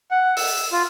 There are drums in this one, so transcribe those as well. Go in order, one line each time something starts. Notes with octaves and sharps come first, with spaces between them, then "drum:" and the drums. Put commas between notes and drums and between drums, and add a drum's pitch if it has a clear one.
F#5
E6, drum: open hi-hat
F4